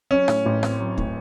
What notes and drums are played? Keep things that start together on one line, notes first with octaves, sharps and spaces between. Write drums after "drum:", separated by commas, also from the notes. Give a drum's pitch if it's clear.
F#3 C#4
A2, drum: rim click
A1
C4, drum: rim click
F#3
A2, drum: kick